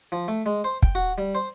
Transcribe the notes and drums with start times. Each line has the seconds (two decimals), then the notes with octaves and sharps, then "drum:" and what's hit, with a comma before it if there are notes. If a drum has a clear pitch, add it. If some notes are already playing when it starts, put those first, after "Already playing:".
0.12 F3
0.28 A3
0.46 G#3
0.64 C5
0.83 G5, drum: kick
0.95 F#4
1.18 G3
1.35 C5